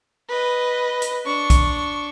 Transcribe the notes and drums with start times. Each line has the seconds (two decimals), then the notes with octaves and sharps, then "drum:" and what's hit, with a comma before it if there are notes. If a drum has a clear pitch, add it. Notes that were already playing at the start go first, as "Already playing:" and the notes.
0.29 B4 D#5
1.02 drum: hi-hat
1.26 D4 C#6
1.50 drum: kick B1, hi-hat